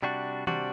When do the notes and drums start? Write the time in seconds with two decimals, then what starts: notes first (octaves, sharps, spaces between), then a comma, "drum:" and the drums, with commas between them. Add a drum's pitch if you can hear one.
0.03 C3 G3 D4 F#4
0.47 C3 G3 D4 F#4, drum: tom D#3